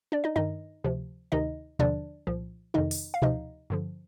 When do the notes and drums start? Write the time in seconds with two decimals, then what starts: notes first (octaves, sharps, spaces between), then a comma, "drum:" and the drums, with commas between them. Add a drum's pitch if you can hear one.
0.12 D4 D5
0.24 D#4 D#5
0.36 G2 D#3 D#4 D#5
0.84 D2 C3 F3
1.32 D2 C3 D#3 D#4 D#5
1.79 D#2 D3 F3 D4 D5, drum: tom B2
2.27 C2 A#2 F3
2.74 F2 C3 D#3 D#4 D#5
2.91 drum: open hi-hat
3.14 F5
3.22 D2 C3 F3 D#4 D#5, drum: tom B2
3.70 G2 D3 F3